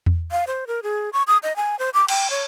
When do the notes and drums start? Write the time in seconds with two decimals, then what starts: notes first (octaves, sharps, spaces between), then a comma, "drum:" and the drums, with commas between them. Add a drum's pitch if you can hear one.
0.06 drum: tom E2
0.32 F5
0.47 C5
0.67 A#4
0.83 G#4
1.13 C#6
1.27 D#6
1.43 D#5
1.56 G#5
1.79 C5
1.94 D6
2.08 G5, drum: cymbal
2.30 C#5